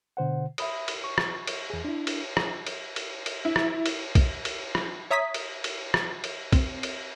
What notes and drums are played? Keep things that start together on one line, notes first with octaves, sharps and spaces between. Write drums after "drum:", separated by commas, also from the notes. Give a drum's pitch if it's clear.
B2 D3 C5 F#5
E5 B5 D#6, drum: cymbal
drum: cymbal
C#6
drum: rim click
drum: cymbal
E2 G#4
D4 E4
drum: cymbal
drum: rim click
drum: cymbal
drum: cymbal
drum: cymbal
E4
drum: rim click
drum: cymbal
drum: kick, cymbal
drum: cymbal
drum: rim click
C#5 E5 A#5 D#6 G#6 B6
drum: cymbal
drum: cymbal
drum: rim click
drum: cymbal
C4, drum: kick, cymbal
drum: cymbal